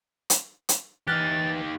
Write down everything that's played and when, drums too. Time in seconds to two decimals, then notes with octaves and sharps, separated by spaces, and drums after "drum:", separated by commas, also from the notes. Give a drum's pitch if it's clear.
0.30 drum: hi-hat
0.69 drum: hi-hat
1.08 E3 D#4 G4 F6 F#6 A6